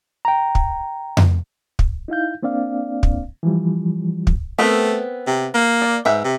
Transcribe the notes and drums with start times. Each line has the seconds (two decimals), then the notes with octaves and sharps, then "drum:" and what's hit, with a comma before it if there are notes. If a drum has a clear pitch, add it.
0.25 G5 A#5
0.55 drum: kick
1.17 drum: tom F2
1.79 drum: kick
2.08 D#4 E4 F5 G6
2.43 A#3 C4 D4 D5 F5
3.03 drum: kick
3.43 E3 F3 G3
4.27 drum: kick
4.59 A3 B3 C4 A#4
5.27 C3
5.54 A#3
5.82 D5
6.05 G#2 B4 E5 G5
6.24 C3